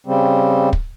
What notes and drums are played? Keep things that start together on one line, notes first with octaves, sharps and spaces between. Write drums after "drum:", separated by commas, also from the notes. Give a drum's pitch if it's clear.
C#3 G3 C4
drum: kick